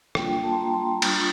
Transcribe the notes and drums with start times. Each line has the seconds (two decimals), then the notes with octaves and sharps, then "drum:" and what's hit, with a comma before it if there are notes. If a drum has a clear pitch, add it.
0.15 G3 A#3 D4 F4 G5, drum: rim click
0.30 G5
0.44 A5
0.52 C6
0.59 A#5
0.74 C6
1.02 G3 D4 F4 D#6, drum: cymbal